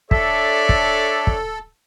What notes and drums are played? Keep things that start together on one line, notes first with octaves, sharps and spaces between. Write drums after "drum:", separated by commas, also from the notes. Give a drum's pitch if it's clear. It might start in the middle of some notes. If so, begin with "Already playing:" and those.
D4 A4 C#5 D5 E5, drum: kick
drum: kick
drum: kick